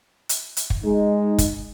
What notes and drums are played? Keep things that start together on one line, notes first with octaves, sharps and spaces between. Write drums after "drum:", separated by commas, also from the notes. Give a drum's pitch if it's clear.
drum: hi-hat
drum: hi-hat
drum: kick
G#3 D#4
drum: kick, hi-hat